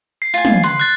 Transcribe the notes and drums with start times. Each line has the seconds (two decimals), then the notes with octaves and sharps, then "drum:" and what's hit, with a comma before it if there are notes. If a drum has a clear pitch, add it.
0.22 C7
0.34 F4 G#5
0.45 drum: tom
0.63 B4 C6, drum: hi-hat
0.80 F#6 A6